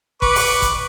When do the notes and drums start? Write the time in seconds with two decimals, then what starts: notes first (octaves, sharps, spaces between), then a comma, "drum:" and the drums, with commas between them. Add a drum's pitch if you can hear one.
0.22 B4 C#6 D6, drum: kick G1
0.35 drum: open hi-hat
0.62 drum: kick G1, hi-hat